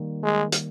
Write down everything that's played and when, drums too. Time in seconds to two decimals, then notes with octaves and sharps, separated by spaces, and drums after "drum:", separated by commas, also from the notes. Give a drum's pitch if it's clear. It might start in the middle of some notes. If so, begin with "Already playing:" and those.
Already playing: D#3 G3 A#3
0.23 G#3
0.52 drum: hi-hat